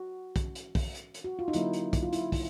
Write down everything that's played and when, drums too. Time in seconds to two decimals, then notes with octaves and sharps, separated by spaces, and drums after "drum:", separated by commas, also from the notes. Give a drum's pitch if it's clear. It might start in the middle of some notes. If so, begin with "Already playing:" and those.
Already playing: F#4
0.36 E3 G#3 C#4, drum: kick, hi-hat
0.55 drum: hi-hat
0.75 drum: kick, open hi-hat
0.95 drum: hi-hat
1.14 drum: hi-hat
1.24 F#4
1.39 F4
1.48 D#4
1.53 D3 F#3 A#3 C#4 E4, drum: hi-hat
1.73 drum: hi-hat
1.93 drum: kick, hi-hat
2.03 F4
2.13 E4, drum: hi-hat
2.32 drum: kick, open hi-hat